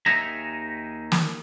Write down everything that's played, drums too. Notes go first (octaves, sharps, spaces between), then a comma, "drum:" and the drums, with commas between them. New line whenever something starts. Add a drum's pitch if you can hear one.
D#2 D#3 D#4 G#4 E5 A#5
drum: snare